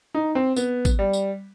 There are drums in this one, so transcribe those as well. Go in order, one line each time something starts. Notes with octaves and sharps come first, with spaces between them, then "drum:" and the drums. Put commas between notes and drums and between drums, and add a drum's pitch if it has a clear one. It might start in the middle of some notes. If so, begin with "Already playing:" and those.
D#4
C4
B3, drum: tambourine
drum: kick, tambourine
G3
drum: tambourine